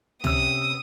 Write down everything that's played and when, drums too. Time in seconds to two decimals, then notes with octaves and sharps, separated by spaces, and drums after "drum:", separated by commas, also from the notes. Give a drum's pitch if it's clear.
0.24 C3 C#4 D#6 E6, drum: tom